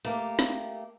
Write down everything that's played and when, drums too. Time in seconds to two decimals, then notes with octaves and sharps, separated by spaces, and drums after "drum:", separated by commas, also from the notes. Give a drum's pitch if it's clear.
0.05 A3 A#3 G4, drum: hi-hat
0.39 drum: snare